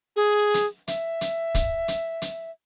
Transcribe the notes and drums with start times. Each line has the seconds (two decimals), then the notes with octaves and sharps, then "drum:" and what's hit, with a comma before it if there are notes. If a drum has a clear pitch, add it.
0.16 G#4
0.54 drum: hi-hat
0.88 E5, drum: hi-hat
1.21 drum: hi-hat
1.55 drum: kick, hi-hat
1.88 drum: hi-hat
2.22 drum: hi-hat